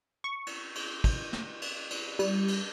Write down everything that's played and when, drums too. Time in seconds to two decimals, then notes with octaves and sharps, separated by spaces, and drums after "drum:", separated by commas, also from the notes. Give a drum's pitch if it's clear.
0.24 C#6
0.47 drum: cymbal
0.75 drum: cymbal
1.04 drum: kick, cymbal
1.33 drum: snare
1.62 drum: cymbal
1.90 drum: cymbal
2.19 G3, drum: cymbal
2.48 drum: cymbal